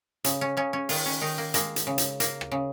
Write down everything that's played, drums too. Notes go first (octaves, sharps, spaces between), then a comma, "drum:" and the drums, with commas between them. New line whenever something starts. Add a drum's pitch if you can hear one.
C#3, drum: hi-hat
C#4
C#3 C#4
C#4
D#3 F4, drum: open hi-hat
C#4
D#3 D#4
A#3
G#3 A#3, drum: hi-hat
drum: hi-hat
C#3
drum: hi-hat
A#3, drum: hi-hat
drum: rim click
C#3